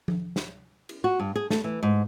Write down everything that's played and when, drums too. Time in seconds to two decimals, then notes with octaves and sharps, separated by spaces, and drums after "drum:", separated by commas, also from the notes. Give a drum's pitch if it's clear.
0.08 drum: tom F3
0.36 drum: snare
0.89 drum: cymbal
1.04 F#4
1.20 G2
1.36 G#4
1.50 A3, drum: snare
1.64 E3
1.83 G#2